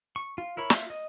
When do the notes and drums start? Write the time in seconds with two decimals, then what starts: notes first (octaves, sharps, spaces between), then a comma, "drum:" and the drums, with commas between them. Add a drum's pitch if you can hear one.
0.16 C#6
0.38 F4
0.57 E4 A#4 C#5 B5
0.70 F4 E5, drum: snare
0.90 D#5